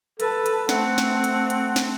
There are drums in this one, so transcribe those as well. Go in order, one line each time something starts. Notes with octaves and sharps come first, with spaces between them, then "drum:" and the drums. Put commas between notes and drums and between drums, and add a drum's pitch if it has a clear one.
A4 B4 A5, drum: hi-hat
drum: hi-hat
A3 C4 F#5, drum: snare
drum: snare
drum: hi-hat
drum: hi-hat
drum: snare